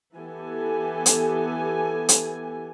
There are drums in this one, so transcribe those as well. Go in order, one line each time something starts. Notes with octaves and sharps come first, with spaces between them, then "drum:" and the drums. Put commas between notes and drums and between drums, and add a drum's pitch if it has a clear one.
E3 B3 G4 A4 G#5
drum: hi-hat
drum: hi-hat